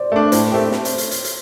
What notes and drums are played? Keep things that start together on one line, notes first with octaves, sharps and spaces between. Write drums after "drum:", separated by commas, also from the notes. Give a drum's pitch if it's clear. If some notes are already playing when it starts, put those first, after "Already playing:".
Already playing: C5 D5
A3 D4
A2 C5, drum: hi-hat
A3 C4 G4
drum: snare
drum: hi-hat
drum: hi-hat
drum: hi-hat
drum: hi-hat